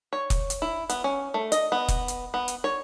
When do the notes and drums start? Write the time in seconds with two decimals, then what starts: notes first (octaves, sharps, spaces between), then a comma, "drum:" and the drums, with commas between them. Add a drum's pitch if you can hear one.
0.13 C#5
0.30 drum: kick, hi-hat
0.50 drum: hi-hat
0.62 E4
0.90 B3, drum: hi-hat
1.04 C#4
1.34 A3
1.52 D#5, drum: hi-hat
1.72 B3
1.88 drum: kick, hi-hat
2.08 drum: hi-hat
2.34 B3
2.48 drum: hi-hat
2.64 C#5